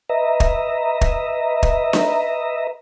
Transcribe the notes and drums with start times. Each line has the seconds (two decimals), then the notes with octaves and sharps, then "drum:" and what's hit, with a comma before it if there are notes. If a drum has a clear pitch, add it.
0.09 B4 D#5 E5 A#5
0.40 drum: kick
1.01 drum: kick
1.63 drum: kick
1.93 drum: snare D4